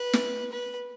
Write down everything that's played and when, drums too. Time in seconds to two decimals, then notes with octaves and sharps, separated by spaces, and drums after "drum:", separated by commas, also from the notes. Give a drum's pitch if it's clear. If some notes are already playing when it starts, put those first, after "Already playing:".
Already playing: B4
0.13 drum: snare
0.52 B4